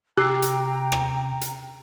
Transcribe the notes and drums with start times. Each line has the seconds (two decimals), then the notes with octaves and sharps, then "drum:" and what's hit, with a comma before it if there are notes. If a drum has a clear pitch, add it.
0.17 C3 G4 G5 A#5 D6 E6 C7
0.42 drum: hi-hat
0.92 drum: rim click
1.41 drum: hi-hat